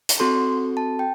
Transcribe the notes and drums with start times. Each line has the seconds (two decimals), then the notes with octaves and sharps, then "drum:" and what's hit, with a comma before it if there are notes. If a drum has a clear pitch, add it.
0.09 drum: hi-hat
0.20 C4 F#4 A4 C6
0.77 A5
0.99 G5